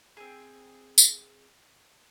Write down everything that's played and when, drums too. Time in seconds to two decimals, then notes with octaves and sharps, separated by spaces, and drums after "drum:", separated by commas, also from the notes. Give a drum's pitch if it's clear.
0.17 C4 G#4
0.98 drum: tambourine